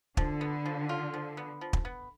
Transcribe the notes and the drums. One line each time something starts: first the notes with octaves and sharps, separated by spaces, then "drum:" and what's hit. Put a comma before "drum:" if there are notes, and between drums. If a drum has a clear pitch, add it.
D3 F3, drum: kick
B3
F3
F4
F3
B3
F3
drum: kick
B3